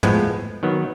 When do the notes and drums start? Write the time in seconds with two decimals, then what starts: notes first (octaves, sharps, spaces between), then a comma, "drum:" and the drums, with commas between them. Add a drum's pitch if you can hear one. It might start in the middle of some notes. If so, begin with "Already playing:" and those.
0.03 A2 F3 G#3 B3, drum: tom
0.63 D#3 F#3 B3